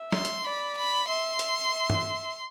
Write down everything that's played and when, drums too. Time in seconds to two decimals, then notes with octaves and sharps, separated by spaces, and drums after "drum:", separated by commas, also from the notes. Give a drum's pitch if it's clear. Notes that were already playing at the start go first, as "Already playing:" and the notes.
Already playing: E5
0.12 C6, drum: snare
0.25 drum: hi-hat
0.45 D5 B5
0.77 B5
1.08 E5 C6
1.39 E5, drum: hi-hat
1.72 E5
1.90 drum: tom G2